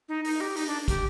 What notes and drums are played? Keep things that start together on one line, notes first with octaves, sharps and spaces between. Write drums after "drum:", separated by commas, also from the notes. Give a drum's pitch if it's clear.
D#4
D#4, drum: open hi-hat
G4
D#4, drum: open hi-hat
D4
G4, drum: kick, hi-hat